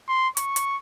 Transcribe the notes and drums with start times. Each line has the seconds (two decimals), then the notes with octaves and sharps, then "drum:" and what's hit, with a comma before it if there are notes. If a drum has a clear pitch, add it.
0.08 C6
0.37 C#6, drum: hi-hat
0.56 drum: hi-hat